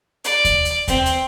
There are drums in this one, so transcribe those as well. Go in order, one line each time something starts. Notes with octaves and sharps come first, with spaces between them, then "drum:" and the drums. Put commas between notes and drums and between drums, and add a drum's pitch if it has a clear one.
D5, drum: hi-hat
drum: kick D#2, hi-hat
drum: hi-hat
C4, drum: kick D#2, hi-hat
drum: hi-hat